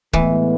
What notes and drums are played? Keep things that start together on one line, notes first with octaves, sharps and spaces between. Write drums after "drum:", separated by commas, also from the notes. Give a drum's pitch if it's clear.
A2 E3 G#3 B3, drum: kick